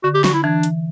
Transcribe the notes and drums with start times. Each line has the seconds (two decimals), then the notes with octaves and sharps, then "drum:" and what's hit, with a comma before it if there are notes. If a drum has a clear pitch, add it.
0.04 D3 F#4
0.14 G4
0.24 F#4, drum: snare
0.34 E4
0.43 E3 D4
0.63 drum: hi-hat